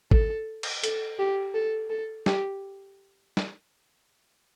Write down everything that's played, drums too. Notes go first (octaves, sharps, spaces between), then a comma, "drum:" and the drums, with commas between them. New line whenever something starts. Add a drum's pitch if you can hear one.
A4, drum: kick G#1
drum: cymbal
A4, drum: hi-hat
G4
A4
A4
G4, drum: snare
drum: snare